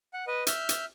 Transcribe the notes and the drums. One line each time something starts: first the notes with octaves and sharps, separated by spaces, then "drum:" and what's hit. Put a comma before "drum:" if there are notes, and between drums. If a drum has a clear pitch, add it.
F#5
B4 D#5
E5 F6 G6, drum: hi-hat
drum: hi-hat